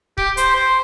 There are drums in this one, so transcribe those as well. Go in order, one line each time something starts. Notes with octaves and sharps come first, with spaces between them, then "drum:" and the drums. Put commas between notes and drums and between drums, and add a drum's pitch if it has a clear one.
G4, drum: kick C#1
C5, drum: hi-hat
C5